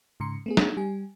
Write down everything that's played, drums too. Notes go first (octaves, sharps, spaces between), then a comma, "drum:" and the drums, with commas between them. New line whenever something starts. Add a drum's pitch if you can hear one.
G#2 C#3 A#5 C6 C#7
A3 B3 G#4
drum: snare
G3 G4 G#5